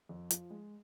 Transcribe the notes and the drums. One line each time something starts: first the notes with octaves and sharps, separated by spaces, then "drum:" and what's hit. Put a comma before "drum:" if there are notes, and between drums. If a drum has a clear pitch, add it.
F2
F3, drum: hi-hat
G#3